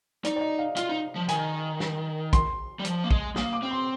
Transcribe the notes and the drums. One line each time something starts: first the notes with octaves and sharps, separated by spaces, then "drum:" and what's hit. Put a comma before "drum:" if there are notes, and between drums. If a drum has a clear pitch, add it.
D#4 D5, drum: hi-hat
D5
D#5
F5
F4 F5, drum: hi-hat
D#4
F3
D#3 G#5, drum: hi-hat
drum: snare
C6, drum: kick, hi-hat
G3
F3, drum: hi-hat
A#3
G#3, drum: kick
A#3 D#6, drum: snare
D6
C4
C6